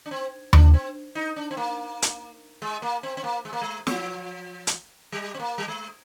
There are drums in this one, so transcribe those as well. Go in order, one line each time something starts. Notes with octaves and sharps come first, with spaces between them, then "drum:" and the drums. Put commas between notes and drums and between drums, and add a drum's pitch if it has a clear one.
D4
C4
D4, drum: tom D#2
C4
D#4
D4
C4
A#3
drum: hi-hat
G#3
A#3
C4
C4
A#3
G#3
A#3
G#3
F3, drum: snare
drum: hi-hat
G3
C4
A#3
G3
G#3